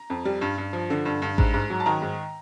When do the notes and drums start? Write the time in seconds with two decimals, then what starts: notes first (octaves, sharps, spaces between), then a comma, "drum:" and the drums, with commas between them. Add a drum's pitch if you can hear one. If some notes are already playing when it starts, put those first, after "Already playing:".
Already playing: A#5
0.10 F2
0.25 G3
0.41 G2
0.58 G2
0.73 F3
0.90 D3
1.05 G2
1.22 G2
1.38 G#2, drum: kick A1
1.54 G#2
1.70 F#3
1.80 A5
1.86 D#3 A#5
2.02 G#2